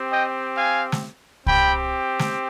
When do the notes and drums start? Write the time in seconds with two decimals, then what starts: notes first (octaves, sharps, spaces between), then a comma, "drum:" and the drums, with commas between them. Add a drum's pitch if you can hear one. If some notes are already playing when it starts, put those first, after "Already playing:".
Already playing: C4 G4
0.11 D#5 G5
0.56 F5 G#5
0.92 drum: snare
1.46 C4 G4 G5 B5, drum: kick C2
2.19 drum: snare